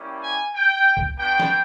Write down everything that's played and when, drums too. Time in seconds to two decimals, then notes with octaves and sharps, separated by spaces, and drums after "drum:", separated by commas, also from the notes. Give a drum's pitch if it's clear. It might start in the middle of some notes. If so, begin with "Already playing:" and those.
Already playing: G3 A#3 C#4 E4 G4
0.23 G#5
0.55 G5
0.97 drum: kick C2
1.18 B3 D4 F#4 G5
1.40 drum: snare